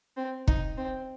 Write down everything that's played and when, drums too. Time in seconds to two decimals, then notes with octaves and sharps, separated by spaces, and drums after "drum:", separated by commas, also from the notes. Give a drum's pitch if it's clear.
0.17 C4
0.48 D#4, drum: kick
0.77 C4